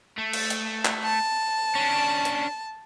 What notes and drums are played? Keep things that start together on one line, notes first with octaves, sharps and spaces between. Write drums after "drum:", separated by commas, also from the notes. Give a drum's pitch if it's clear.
A3
drum: cymbal
drum: hi-hat
drum: clap
A5
C#4 D4
drum: hi-hat